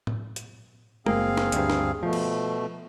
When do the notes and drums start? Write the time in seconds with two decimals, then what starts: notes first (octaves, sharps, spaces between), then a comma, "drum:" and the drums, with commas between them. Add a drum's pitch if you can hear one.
0.07 drum: tom A2
0.36 drum: hi-hat
1.06 F#1 A#3 C4 G#4 F5, drum: tom G#3
1.37 drum: snare
1.52 D2 G2, drum: hi-hat
1.70 drum: snare
2.03 B2 F3 A3
2.13 drum: cymbal